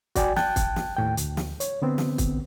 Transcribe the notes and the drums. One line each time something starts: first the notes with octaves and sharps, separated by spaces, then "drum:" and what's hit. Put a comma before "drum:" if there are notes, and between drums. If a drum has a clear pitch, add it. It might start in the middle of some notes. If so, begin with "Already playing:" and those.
F#4 D5 G5 G#5, drum: kick, hi-hat
G5 A5 F#6, drum: snare
drum: kick, hi-hat
drum: snare
D#2 A2 G5
D2, drum: hi-hat
drum: snare
C#5, drum: hi-hat
D3 B3 C4
drum: snare
drum: kick, hi-hat